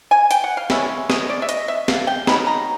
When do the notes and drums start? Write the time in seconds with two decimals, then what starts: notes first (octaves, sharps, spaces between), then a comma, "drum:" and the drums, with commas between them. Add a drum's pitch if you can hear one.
0.11 G#5
0.31 G5, drum: hi-hat
0.44 F#5
0.57 F5
0.70 E3 G#3 C#4 E5, drum: snare
1.10 D#5, drum: snare
1.29 D5
1.42 E5
1.49 D#5, drum: hi-hat
1.68 E5
1.88 F5, drum: snare
2.07 G5
2.27 C#3 F#3 B3 D#4 B5, drum: snare
2.47 A#5